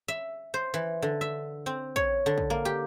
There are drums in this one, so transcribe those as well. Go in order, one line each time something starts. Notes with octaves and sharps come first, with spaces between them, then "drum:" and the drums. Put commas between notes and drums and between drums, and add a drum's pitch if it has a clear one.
E5
C5
E3
D3
E5
C4
C#5, drum: kick
D3
drum: kick
A#3
G4